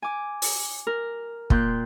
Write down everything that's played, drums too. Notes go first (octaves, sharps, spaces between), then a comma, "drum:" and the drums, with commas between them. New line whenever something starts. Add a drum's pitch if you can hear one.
G#5 D6
drum: open hi-hat
A#4
A#2 G5 C6 F#6 G6, drum: kick